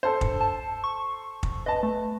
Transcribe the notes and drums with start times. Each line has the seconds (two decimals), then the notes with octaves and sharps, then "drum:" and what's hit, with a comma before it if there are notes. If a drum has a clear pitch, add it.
0.03 A4 C5
0.21 G2, drum: kick
0.41 A5
0.84 C#6
1.43 drum: kick
1.66 B4 D#5 A5
1.83 A3